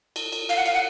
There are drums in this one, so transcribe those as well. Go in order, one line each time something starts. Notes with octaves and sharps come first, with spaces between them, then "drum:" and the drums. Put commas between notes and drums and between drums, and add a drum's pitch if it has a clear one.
drum: cymbal
drum: cymbal
F5, drum: cymbal
F#5
F5, drum: cymbal
F#5